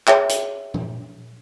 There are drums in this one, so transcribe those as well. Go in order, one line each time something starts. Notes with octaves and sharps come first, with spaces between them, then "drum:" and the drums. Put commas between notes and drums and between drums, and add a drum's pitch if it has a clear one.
G#4 C#5 E5 G5, drum: clap
drum: hi-hat
drum: tom A#2